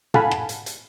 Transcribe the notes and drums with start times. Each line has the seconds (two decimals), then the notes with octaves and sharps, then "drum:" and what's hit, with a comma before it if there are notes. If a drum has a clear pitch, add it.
0.14 A4 F5 F#5 G#5 A5 B5, drum: tom
0.31 drum: rim click
0.49 drum: hi-hat
0.66 drum: hi-hat